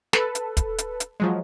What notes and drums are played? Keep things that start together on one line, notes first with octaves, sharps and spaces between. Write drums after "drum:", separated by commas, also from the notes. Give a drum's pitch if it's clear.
A4 B4, drum: snare
drum: hi-hat
drum: kick, hi-hat
drum: hi-hat
drum: hi-hat
F3 F#3 G#3